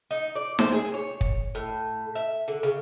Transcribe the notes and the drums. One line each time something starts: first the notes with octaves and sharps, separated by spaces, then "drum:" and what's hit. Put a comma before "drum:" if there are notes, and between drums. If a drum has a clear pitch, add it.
D#4
D5
C5, drum: snare D#4
G#4
C#5
drum: kick
A2
E5
D3
C#3